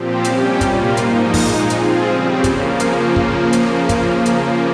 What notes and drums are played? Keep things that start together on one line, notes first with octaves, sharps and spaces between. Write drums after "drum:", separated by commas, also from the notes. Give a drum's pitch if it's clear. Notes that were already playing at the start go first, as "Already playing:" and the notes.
Already playing: A#2 F3 C4 G4
C3 G3 C#4 G4, drum: hi-hat
A#2 G3 A#3 F4, drum: kick, hi-hat
G#2 F3 A#3 D#4, drum: hi-hat
A#2 G#3 D#4, drum: kick, open hi-hat
F3 C4 F4 G#4, drum: hi-hat
C#3 G3 C4
C#3 F3 A#3, drum: kick, hi-hat
drum: hi-hat
drum: kick
drum: hi-hat
drum: kick, hi-hat
drum: hi-hat